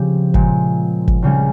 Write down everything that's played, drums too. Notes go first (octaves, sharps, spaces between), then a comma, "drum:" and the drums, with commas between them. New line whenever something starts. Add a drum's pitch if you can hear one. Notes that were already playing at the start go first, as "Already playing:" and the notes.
Already playing: C#3 F3 C4 G4
A#2 G#3 C4, drum: kick
drum: kick
C#2 C#3 G3 C#4